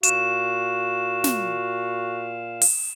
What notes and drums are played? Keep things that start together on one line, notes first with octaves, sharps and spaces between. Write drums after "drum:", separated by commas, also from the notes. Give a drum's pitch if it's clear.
A#2 F#4 F5 E7, drum: hi-hat
drum: snare
drum: open hi-hat